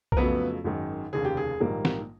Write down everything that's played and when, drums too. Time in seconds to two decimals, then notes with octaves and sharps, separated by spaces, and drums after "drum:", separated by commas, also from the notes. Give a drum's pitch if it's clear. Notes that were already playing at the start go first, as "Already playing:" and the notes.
0.12 A#4, drum: kick B1
0.17 F2 C#3 F#3 A3 B3 B4
0.64 G#1 F#2 D#3 G#3
1.13 F1 D#2 C#3 G#4
1.25 G4
1.37 G#4
1.60 A#1 G#2 D#3 G3 A#3
1.85 drum: snare